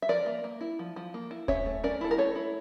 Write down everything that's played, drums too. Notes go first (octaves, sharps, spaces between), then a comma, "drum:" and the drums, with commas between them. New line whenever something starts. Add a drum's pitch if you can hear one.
E5
F3 A#4 D5
A#3
A#3
E4
F3
F3
A#3
E4
C#4 C#5 E5, drum: kick D#1
A3
C#4 A#4 D5
E4 A4
A#4
A3 A4 C#5
E4